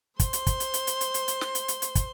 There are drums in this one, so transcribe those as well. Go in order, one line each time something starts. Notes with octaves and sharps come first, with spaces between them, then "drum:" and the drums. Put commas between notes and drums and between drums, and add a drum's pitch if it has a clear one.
C5 C6, drum: kick, hi-hat
drum: hi-hat
drum: kick, hi-hat
drum: hi-hat
drum: hi-hat
drum: hi-hat
drum: hi-hat
drum: hi-hat
drum: hi-hat
drum: snare
drum: hi-hat
drum: hi-hat
drum: hi-hat
drum: kick, hi-hat